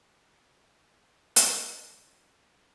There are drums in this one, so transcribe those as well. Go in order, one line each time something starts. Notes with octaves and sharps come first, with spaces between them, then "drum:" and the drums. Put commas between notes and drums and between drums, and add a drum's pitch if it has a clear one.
G#5 A#5
drum: hi-hat
B3 B4
G4